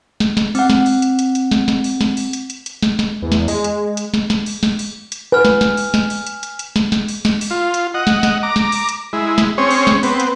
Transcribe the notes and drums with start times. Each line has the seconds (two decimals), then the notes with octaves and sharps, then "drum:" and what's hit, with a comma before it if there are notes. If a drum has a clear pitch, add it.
0.20 drum: snare
0.37 drum: snare
0.55 C4 F#5, drum: open hi-hat
0.70 drum: snare
0.86 drum: open hi-hat
1.02 drum: hi-hat
1.19 drum: hi-hat
1.35 drum: hi-hat
1.51 drum: snare
1.68 drum: snare
1.84 drum: open hi-hat
2.01 drum: snare
2.17 drum: open hi-hat
2.33 drum: hi-hat
2.50 drum: hi-hat
2.66 drum: hi-hat
2.83 drum: snare
2.99 drum: snare
3.22 E2
3.32 drum: snare
3.48 G#3, drum: open hi-hat
3.64 drum: hi-hat
3.97 drum: hi-hat
4.14 drum: snare
4.30 drum: snare
4.46 drum: open hi-hat
4.63 drum: snare
4.79 drum: open hi-hat
5.12 drum: hi-hat
5.32 B4 G#5 F6
5.45 drum: snare
5.61 drum: snare
5.77 drum: open hi-hat
5.94 drum: snare
6.10 drum: open hi-hat
6.27 drum: hi-hat
6.43 drum: hi-hat
6.59 drum: hi-hat
6.76 drum: snare
6.92 drum: snare
7.08 drum: open hi-hat
7.25 drum: snare
7.41 drum: open hi-hat
7.50 F4
7.74 drum: hi-hat
7.94 D#5 F#5
8.07 drum: snare
8.23 drum: snare
8.43 A#5 D6
8.56 drum: snare
8.72 drum: open hi-hat
8.89 drum: hi-hat
9.13 G#3 E4
9.38 drum: snare
9.58 C4 C#4 G#4 C#5
9.71 drum: open hi-hat
9.87 drum: snare
10.03 B3 C4, drum: open hi-hat
10.20 drum: hi-hat